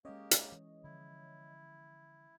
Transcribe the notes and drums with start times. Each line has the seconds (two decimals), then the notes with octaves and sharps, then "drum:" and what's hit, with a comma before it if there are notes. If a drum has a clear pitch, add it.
0.05 G#3 A#3 C#4 G4 C#5 D#5
0.31 drum: hi-hat
0.52 E3
0.84 D3 F3 E4